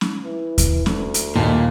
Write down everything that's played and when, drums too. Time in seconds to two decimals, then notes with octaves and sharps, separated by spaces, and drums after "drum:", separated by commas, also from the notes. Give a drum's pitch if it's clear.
0.01 drum: snare C#4
0.24 E3
0.58 drum: kick D#2, hi-hat
0.86 D2, drum: snare C#4
1.14 drum: hi-hat
1.36 G1 D#2 A#2 A5